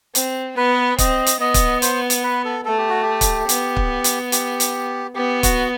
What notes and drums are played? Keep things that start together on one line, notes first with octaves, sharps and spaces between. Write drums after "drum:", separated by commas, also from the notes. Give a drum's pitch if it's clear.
C4, drum: hi-hat
B3 B4
C4 D#5, drum: kick, hi-hat
drum: hi-hat
B3 D#5
drum: kick, hi-hat
C5, drum: hi-hat
drum: hi-hat
B4
A4
A3 A4
G4
F#4
G4
drum: kick, hi-hat
B3, drum: hi-hat
drum: kick
drum: hi-hat
G4, drum: hi-hat
drum: hi-hat
B3 G4
F#4, drum: kick, hi-hat